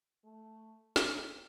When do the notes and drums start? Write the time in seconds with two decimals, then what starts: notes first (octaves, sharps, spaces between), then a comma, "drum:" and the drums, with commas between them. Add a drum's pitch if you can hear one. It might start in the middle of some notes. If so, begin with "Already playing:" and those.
0.24 A3
0.96 A3, drum: snare